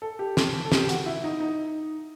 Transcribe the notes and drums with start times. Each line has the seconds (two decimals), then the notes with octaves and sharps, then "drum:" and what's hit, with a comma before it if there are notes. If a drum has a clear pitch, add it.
0.02 A4
0.19 G4
0.37 A4, drum: snare
0.65 A4
0.72 G4, drum: snare
0.89 F#4, drum: hi-hat
1.06 E4
1.24 D#4
1.40 D#4